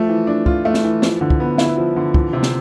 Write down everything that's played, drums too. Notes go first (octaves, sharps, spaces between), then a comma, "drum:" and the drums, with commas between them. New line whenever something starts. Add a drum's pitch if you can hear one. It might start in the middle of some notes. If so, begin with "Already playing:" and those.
Already playing: F3 A3
E3
D4
F4, drum: kick
A3
drum: snare
E3
F3, drum: snare
D3
drum: kick
B3
E4, drum: snare
F3
D3
E3, drum: kick
C3
drum: snare